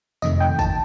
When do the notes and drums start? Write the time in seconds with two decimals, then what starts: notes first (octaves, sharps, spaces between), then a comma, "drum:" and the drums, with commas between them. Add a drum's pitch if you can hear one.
0.22 F2 C3 D#3 A3 D#5, drum: tambourine
0.41 G5
0.59 A5, drum: kick, tambourine